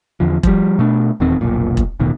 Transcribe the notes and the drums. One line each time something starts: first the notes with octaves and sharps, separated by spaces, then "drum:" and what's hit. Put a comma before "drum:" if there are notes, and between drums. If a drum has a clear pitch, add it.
E2 D3 F3
F3 G3, drum: kick E1
B2 A3 D4
D#1 E2 D#3 C4
F1 B1 A#2
drum: kick E1
E1 A1 B2 D#3